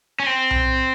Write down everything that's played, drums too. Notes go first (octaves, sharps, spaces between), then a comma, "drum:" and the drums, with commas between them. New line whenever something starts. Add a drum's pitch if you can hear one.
C#4
C4
drum: tom B1